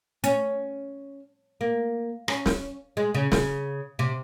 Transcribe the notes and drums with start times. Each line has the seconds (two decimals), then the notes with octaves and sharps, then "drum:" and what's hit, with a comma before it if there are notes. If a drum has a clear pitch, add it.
0.24 C#4, drum: hi-hat
1.61 A#3
2.28 C#4, drum: rim click
2.46 drum: snare
2.97 G#3
3.14 C#3
3.32 C#3, drum: snare
3.99 C3